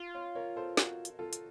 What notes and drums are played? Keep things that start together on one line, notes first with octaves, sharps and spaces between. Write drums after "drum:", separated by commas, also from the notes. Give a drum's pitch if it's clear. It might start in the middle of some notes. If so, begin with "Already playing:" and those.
Already playing: F4
C#5 F5
A#4 C#5
A4 C5
F#4 A#4, drum: snare
drum: hi-hat
F4 A4
drum: hi-hat